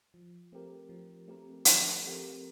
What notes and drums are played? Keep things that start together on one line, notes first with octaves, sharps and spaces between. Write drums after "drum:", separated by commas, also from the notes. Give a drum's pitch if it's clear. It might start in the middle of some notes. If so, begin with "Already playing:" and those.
F3
A3 C4 G4 A#4
F3
A3 C4 G4 A#4
F3, drum: hi-hat
A3 C4 G4 A#4